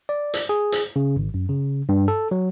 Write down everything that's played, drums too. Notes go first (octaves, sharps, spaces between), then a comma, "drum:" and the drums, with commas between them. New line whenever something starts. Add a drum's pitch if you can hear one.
D5
drum: hi-hat
G#4
drum: hi-hat
C#3
G#1
F#2
C#3
G2
A4
F#3